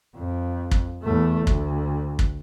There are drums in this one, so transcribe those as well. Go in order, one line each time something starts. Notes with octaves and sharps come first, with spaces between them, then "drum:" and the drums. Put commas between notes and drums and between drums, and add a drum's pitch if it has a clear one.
F2
drum: kick
E2 A3
D2, drum: kick
drum: kick